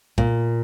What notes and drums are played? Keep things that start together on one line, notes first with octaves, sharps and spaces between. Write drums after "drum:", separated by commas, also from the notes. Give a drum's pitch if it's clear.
A#2, drum: kick